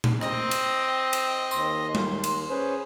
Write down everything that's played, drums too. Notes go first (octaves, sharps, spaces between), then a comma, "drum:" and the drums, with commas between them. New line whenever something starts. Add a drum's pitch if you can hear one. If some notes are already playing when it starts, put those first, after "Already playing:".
drum: tom A#2
C4 D#5, drum: rim click
drum: cymbal
drum: cymbal
D#2 C6, drum: tambourine
drum: tom G3
drum: cymbal
C#4 G#4 B4 C5